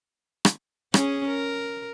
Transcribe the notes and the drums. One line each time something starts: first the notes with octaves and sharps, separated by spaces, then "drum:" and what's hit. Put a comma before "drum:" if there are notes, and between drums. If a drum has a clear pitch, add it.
drum: rim click
C#4 G#4, drum: rim click
A#4